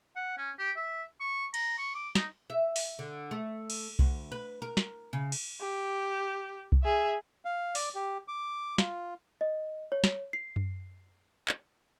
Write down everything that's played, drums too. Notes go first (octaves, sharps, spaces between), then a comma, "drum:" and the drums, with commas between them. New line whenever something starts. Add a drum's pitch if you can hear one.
F#5
C#4
G4
E5
C#6
A#5, drum: cymbal
C#6
D6
D#4, drum: snare
E5
drum: open hi-hat
D3
A3
drum: cymbal
D2, drum: kick C2
B4
A#4
drum: snare
C#3
drum: cymbal
G4
drum: kick C2
G#4 E5
F5
D5, drum: open hi-hat
G4
D6
F4, drum: snare
D#5
C#5
drum: snare
C7
drum: tom F#2
drum: clap